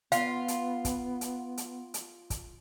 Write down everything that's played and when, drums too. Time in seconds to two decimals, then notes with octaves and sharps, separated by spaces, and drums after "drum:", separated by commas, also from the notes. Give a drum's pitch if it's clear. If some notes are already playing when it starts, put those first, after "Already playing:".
0.12 B3 F4 F5, drum: hi-hat
0.48 drum: hi-hat
0.85 drum: kick, hi-hat
1.21 drum: hi-hat
1.57 drum: hi-hat
1.94 drum: hi-hat
2.30 drum: kick, hi-hat